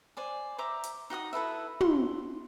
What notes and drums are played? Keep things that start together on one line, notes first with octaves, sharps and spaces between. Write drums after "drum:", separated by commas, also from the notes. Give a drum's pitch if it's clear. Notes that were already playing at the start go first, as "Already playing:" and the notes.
C5 D5 G#5
C5 E5 A#5 D6
drum: hi-hat
D#4 F#4 F#5 D#6
E4 A4 B4 E5
C6, drum: tom